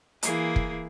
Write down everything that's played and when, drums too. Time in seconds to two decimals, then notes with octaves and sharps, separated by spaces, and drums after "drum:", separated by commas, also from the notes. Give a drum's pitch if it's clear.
0.23 E3 A#3 G#4, drum: hi-hat
0.56 drum: kick